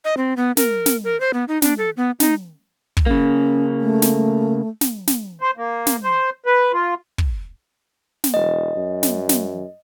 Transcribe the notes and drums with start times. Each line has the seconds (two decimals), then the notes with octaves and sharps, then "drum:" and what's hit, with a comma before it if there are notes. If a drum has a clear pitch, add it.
0.05 D#5
0.17 C4
0.37 B3
0.57 A#4, drum: snare
0.86 drum: snare
1.04 A#4
1.20 C5
1.34 B3
1.48 D#4
1.62 D4, drum: snare
1.78 A4
1.97 B3
2.20 D#4, drum: snare
2.97 drum: kick
3.06 C#3 A#3 C#4
3.81 A3
4.02 drum: snare
4.81 drum: snare
5.07 drum: snare
5.41 C5
5.57 A#3
5.87 drum: snare
6.04 C5
6.46 B4
6.73 F4
7.18 drum: kick
8.24 drum: snare
8.34 E1 D#5
8.76 F#2
9.03 drum: snare
9.29 drum: snare